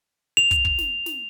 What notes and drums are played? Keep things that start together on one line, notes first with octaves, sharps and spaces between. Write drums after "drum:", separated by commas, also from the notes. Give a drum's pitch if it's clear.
F7
drum: kick, hi-hat
drum: kick
drum: snare
drum: snare